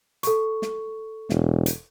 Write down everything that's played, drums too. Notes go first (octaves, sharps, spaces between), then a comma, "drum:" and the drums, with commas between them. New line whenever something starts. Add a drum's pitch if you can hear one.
A4 C#6, drum: hi-hat
drum: snare
E1, drum: snare
drum: hi-hat